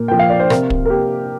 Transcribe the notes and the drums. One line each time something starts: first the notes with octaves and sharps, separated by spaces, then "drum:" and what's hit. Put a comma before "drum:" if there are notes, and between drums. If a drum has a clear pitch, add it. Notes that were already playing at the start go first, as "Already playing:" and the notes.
Already playing: A#2 A#4
F3 A#3 G5
F5
D5
C5
C3 A#4, drum: rim click
drum: kick
A#4
A#3 G4